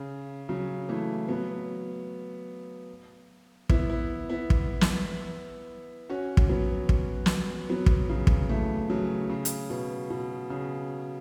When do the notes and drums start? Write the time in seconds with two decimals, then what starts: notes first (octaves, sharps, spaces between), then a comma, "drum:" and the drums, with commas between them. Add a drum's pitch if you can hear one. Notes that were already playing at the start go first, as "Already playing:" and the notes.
Already playing: C#3
0.49 C#3 F#3
0.89 E3 A3
1.28 F#3 B3
3.69 B3 E4, drum: kick
3.89 B3 E4
4.29 B3 E4
4.50 drum: kick
4.81 drum: snare
6.10 C#4 F#4
6.37 drum: kick
6.49 F#3 B3
6.89 drum: kick
7.26 drum: snare
7.70 F#3 B3
7.86 drum: kick
8.09 C#3 F#3
8.27 drum: kick
8.49 E3 A3
8.90 C#3 F#3
9.29 C#3
9.45 drum: hi-hat
9.70 B2
10.10 B2
10.50 C#3